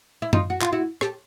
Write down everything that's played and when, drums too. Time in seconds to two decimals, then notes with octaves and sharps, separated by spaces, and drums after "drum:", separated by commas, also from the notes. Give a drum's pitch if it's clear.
0.22 E4
0.33 D#4 F4, drum: tom F#2
0.50 F#4
0.62 F4, drum: clap
0.72 E4 F#4
1.01 G4 A4, drum: rim click